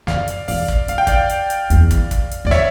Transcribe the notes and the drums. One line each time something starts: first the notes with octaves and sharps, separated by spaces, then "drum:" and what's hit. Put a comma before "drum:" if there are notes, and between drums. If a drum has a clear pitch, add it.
F2 D5 F5, drum: snare
drum: hi-hat
E2 D5 F5, drum: open hi-hat
drum: kick
F2 F5, drum: hi-hat
G5
D5 F5, drum: kick, hi-hat
drum: hi-hat
drum: hi-hat
E2, drum: hi-hat
drum: kick, hi-hat
drum: kick, hi-hat
drum: hi-hat
E2 D5
C#5 E5, drum: snare